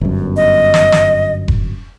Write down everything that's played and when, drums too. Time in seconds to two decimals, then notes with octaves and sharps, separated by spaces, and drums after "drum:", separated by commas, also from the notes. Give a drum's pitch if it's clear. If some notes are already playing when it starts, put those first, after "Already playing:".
0.01 G1 F#2
0.36 D#5
0.74 drum: snare
0.92 drum: snare
1.48 drum: kick F1